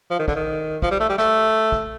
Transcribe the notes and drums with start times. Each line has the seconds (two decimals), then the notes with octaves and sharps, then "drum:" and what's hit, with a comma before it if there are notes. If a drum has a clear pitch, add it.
0.10 F3
0.19 D#3
0.28 D3, drum: kick
0.36 D#3
0.82 F3, drum: kick
0.91 G3
1.00 A3
1.09 G3
1.18 A3, drum: rim click
1.72 drum: kick